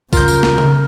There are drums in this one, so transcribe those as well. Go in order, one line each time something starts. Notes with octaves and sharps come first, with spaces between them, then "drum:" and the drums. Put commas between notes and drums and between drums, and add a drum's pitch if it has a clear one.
C#3 F4 A#4 G6, drum: kick, tambourine
drum: tambourine
drum: snare
drum: tom C#3